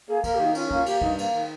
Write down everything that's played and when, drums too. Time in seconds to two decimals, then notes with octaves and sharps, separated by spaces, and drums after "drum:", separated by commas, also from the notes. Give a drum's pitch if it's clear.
0.08 A#3 G#4
0.24 A#3 A#4, drum: kick, cymbal
0.35 G4
0.39 D#3
0.45 D#4
0.55 C#4 F4, drum: cymbal
0.65 D#4
0.71 A#3, drum: kick
0.76 F4
0.86 A#3 G4, drum: cymbal
1.01 G2 D#4, drum: kick
1.18 A#3, drum: cymbal
1.34 D#3